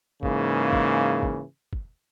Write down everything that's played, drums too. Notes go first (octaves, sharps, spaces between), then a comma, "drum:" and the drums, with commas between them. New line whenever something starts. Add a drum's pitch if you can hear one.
G#2 C#3 E3 A#3, drum: kick
drum: kick
drum: kick
drum: kick